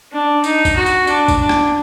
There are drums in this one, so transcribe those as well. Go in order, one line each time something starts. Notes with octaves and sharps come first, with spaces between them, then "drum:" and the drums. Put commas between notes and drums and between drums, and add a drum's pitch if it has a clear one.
D4
D#4, drum: tambourine
drum: kick, tambourine
F#4
drum: tambourine
D4, drum: tambourine
drum: kick, tambourine
D4
drum: rim click